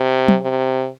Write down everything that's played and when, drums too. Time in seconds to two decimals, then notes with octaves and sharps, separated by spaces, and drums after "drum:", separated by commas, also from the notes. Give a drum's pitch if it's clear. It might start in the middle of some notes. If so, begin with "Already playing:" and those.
Already playing: C3
0.28 drum: tom
0.41 C3